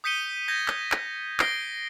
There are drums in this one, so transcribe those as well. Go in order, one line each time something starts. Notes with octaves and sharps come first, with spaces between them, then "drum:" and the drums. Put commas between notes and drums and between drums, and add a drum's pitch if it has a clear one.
D#6 G6 B6 C#7 D#7 G7
G6 G#6 A#6 B6
drum: clap
drum: clap
A#6 C7 D7 G7, drum: clap